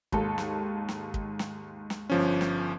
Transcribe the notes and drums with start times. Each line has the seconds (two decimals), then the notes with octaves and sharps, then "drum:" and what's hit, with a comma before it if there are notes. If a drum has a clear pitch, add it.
0.12 D#2 G#2 A4, drum: kick
0.38 drum: snare
0.89 drum: snare
1.14 drum: kick
1.39 drum: snare
1.90 drum: snare
2.10 G1 F3 C#4
2.41 drum: snare